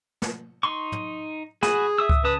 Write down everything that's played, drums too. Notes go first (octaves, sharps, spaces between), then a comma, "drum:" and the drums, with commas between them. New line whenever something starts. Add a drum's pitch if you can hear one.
drum: snare
D#4 C6 C#6
drum: tom
F#4 G#4 G#5 B5, drum: snare
E5 D#6 E6
drum: kick C#2
C#3 B4 A5 D#6